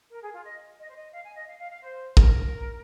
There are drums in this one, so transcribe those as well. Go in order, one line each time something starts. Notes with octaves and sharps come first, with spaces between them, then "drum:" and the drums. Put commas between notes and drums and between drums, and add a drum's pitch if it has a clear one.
A#4
G#4
F4
D#5
D#5
C5
D#5
F5
G#5
D#5
F5
F5
F5
C5
A#4, drum: kick